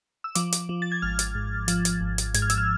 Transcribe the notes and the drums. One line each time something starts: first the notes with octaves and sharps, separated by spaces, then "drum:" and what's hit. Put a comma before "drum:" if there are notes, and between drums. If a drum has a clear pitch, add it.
E6
F3 D6, drum: hi-hat
drum: hi-hat
F3
A6
G#6
G#1 F6
drum: hi-hat
G#2
F3, drum: hi-hat
drum: hi-hat
G#1
drum: hi-hat
G#2 G#6, drum: hi-hat
F6
E6, drum: hi-hat
F6